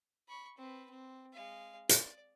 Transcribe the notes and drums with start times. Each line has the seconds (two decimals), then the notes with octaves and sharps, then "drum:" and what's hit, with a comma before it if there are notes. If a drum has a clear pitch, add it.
0.28 B5 C#6
0.57 C4 B4
0.90 C4
1.33 G#3 F5
1.89 D5, drum: hi-hat